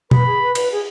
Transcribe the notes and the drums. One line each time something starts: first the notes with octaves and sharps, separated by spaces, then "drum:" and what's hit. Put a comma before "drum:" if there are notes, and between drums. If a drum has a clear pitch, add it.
B4 B5, drum: tom
G#4
B4
B4, drum: cymbal
G#4